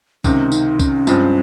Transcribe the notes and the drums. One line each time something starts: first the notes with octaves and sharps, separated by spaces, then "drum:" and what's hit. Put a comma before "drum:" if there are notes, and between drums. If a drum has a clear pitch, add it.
C#2 C3 D#3 C#4, drum: kick C2, tambourine
D#4, drum: tambourine
C#4, drum: kick C2, tambourine
G2 F3 G#3 C4 F4, drum: tambourine